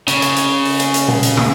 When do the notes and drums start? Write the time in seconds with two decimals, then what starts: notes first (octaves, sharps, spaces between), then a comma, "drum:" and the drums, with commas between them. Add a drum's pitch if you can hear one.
0.08 C#3, drum: hi-hat
0.22 drum: hi-hat
0.36 drum: hi-hat
0.65 drum: open hi-hat
0.80 drum: hi-hat
0.94 drum: hi-hat
1.08 drum: tom A#2
1.23 drum: hi-hat
1.37 drum: tom